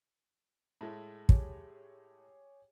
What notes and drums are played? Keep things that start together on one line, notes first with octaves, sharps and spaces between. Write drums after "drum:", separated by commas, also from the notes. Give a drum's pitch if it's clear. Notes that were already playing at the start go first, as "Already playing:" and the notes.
A2 G#3 A3
G4 G#4 C#5, drum: kick